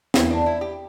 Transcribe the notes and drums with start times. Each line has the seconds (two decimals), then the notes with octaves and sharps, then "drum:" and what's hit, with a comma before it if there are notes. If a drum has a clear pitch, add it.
0.14 E2 E3 B3 E4, drum: snare
0.30 D4
0.46 E4
0.61 G4